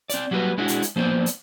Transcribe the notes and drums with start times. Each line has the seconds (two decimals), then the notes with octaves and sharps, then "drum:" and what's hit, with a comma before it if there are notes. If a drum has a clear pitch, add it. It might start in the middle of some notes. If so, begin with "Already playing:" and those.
0.10 C4 D5, drum: hi-hat
0.31 F#3 G3 A#3 F#4 B4
0.58 G#3 D4 E4 F#4
0.68 drum: hi-hat
0.82 drum: hi-hat
0.96 F3 A#3 B3 C5 D5
1.26 drum: hi-hat